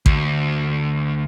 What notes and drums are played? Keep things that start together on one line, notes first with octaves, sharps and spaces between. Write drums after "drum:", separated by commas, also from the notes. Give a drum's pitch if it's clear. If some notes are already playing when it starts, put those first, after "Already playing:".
D2, drum: kick A1